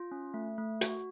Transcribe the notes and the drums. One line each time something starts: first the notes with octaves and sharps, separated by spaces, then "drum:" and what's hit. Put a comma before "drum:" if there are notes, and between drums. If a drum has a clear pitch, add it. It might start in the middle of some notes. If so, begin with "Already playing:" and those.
Already playing: F4
C#4
A3
A3
F#4, drum: hi-hat